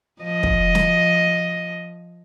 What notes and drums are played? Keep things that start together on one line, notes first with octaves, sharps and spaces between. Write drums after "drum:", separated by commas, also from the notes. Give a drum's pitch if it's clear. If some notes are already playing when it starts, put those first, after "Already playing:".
F3 D#5
drum: kick
drum: snare